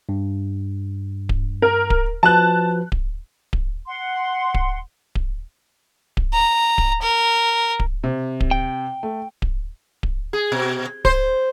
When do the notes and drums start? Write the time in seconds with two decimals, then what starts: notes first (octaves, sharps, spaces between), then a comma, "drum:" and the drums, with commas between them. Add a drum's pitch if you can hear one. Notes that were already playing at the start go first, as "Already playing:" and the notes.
0.09 G2
1.29 drum: kick D1
1.62 A#4
1.90 drum: kick D1
2.23 F3 F#4 B4 A5 F#6
2.92 drum: kick D1
3.53 drum: kick D1
3.86 F#5 C6
4.54 drum: kick D1
5.15 drum: kick D1
6.17 drum: kick D1
6.34 A#5
6.78 drum: kick D1
7.02 A#4
7.80 drum: kick D1
8.04 C3
8.41 drum: kick D1
8.51 G5
9.03 A3
9.42 drum: kick D1
10.03 drum: kick D1
10.33 G#4
10.52 B2
11.05 C5, drum: kick D1